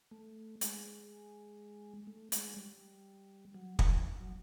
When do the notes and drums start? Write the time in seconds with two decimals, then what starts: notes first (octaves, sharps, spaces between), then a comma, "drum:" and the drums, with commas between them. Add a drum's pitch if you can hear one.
0.11 A3
0.61 G#3, drum: hi-hat
2.07 A3
2.32 G#3, drum: hi-hat
2.57 G3
3.54 F#3
3.79 F3, drum: kick
4.20 F#3